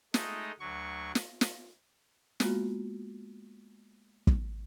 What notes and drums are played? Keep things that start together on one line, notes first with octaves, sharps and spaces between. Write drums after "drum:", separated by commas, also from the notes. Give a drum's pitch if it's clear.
G#3 A3 D#4, drum: snare
D2 F#3 C#6
drum: snare
drum: snare
G#3 A#3 B3 F4 F#4, drum: snare
drum: kick